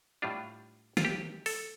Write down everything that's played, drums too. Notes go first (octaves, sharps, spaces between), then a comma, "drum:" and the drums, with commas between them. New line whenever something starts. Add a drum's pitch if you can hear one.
A2 G3 D4 F4
F4, drum: snare
G4
A4, drum: open hi-hat